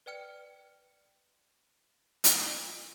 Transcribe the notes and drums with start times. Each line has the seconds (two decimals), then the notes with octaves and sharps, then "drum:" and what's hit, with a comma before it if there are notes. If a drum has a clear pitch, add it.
0.06 B4 D5 G5 F6 C#7
2.24 drum: hi-hat